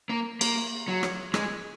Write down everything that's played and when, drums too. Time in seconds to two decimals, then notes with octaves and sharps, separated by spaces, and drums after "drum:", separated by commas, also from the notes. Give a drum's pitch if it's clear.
0.09 A#3
0.41 A#3, drum: cymbal
0.88 F#3
1.03 drum: rim click
1.34 G#3, drum: rim click